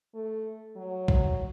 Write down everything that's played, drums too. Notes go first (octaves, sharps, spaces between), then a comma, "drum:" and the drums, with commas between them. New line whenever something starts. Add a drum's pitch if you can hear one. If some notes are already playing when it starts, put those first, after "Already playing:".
A3
F#3
drum: kick